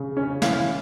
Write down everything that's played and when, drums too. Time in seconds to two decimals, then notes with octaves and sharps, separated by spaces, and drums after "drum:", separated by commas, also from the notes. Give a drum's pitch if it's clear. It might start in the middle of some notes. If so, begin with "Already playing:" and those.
Already playing: C#3
0.17 C#4
0.42 E3 F5, drum: snare